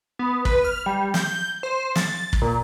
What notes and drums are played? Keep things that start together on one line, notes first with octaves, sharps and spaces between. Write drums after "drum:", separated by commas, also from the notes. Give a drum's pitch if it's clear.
B3
B4, drum: kick
F6
G3
G6, drum: snare
C5
A6, drum: snare
drum: kick
A#2